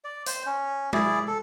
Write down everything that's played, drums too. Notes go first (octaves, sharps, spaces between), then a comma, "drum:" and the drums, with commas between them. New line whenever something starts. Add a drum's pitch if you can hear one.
D5
C5, drum: hi-hat
C#4
E4 G#4 D5, drum: tom G#3
A4